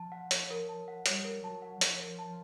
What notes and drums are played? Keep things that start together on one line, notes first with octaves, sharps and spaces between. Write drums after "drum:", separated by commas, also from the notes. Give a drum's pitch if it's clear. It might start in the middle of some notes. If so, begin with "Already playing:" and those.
Already playing: F3 A5
F#5
C#5, drum: hi-hat
A#4
A5
F#5
G3 C#5, drum: hi-hat
A#4
F#3 A5
F#5
F3 C#5, drum: hi-hat
A#4
A5